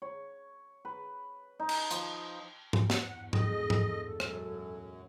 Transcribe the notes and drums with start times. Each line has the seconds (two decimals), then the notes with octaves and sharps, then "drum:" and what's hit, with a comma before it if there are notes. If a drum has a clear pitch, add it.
0.02 C#5
0.85 B4
1.60 D#4
1.69 drum: cymbal
1.91 F3, drum: hi-hat
2.73 drum: tom G#2
2.90 E2 G2 F#5, drum: snare
3.33 E1 A2 G#3 A4 D#5, drum: tom G#2
3.70 drum: tom G#2
4.20 F#2, drum: rim click